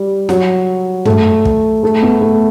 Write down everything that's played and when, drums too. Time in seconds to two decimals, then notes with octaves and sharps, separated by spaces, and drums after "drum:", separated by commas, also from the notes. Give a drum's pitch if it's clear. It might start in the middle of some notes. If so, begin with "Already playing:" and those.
Already playing: G3
0.29 F#3, drum: snare
1.05 A3, drum: tom
1.45 drum: kick
1.83 A3
2.02 B3
2.21 A3